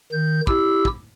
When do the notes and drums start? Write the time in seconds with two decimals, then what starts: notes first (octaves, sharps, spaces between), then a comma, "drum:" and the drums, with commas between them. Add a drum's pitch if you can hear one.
0.12 D#3 G6
0.47 E4 G4 E6, drum: kick
0.85 drum: kick